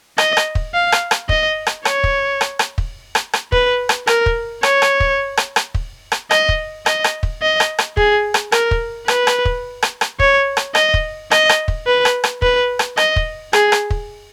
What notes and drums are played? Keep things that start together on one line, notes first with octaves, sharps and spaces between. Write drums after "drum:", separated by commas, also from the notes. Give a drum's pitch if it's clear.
D#5, drum: rim click
drum: rim click
drum: kick
F5
drum: rim click
drum: rim click
D#5, drum: kick
drum: rim click
C#5, drum: rim click
drum: kick
drum: rim click
drum: rim click
drum: kick
drum: rim click
drum: rim click
B4, drum: kick
drum: rim click
A#4, drum: rim click
drum: kick
C#5, drum: rim click
drum: rim click
drum: kick
drum: rim click
drum: rim click
drum: kick
drum: rim click
D#5, drum: rim click
drum: kick
D#5, drum: rim click
drum: rim click
drum: kick
D#5
drum: rim click
drum: rim click
G#4, drum: kick
drum: rim click
A#4, drum: rim click
drum: kick
B4, drum: rim click
drum: rim click
drum: kick
drum: rim click
drum: rim click
C#5, drum: kick
drum: rim click
D#5, drum: rim click
drum: kick
D#5, drum: rim click
drum: rim click
drum: kick
B4
drum: rim click
drum: rim click
B4, drum: kick
drum: rim click
D#5, drum: rim click
drum: kick
G#4, drum: rim click
drum: rim click
drum: kick